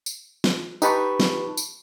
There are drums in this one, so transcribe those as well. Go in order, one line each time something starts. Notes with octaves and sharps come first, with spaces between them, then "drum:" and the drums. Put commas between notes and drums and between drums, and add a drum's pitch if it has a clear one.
drum: tambourine
drum: snare
D#4 G4 B4 A5 B5 C#6, drum: tambourine
drum: snare
drum: tambourine